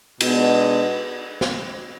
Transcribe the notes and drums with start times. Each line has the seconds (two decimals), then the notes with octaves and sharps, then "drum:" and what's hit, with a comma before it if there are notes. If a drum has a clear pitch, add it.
0.21 B2 G#3 B3 D4, drum: cymbal
1.41 drum: snare